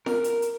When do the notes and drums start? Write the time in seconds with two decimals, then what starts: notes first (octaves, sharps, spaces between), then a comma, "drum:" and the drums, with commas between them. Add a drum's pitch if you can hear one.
0.06 A#4, drum: snare
0.24 drum: hi-hat
0.42 drum: hi-hat